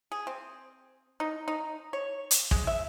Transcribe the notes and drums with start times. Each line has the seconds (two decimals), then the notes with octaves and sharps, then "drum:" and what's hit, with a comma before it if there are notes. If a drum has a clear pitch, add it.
0.12 G#4
0.27 C4
1.20 D#4
1.48 D#4
1.93 C#5
2.31 drum: hi-hat
2.51 G#3, drum: kick
2.67 E5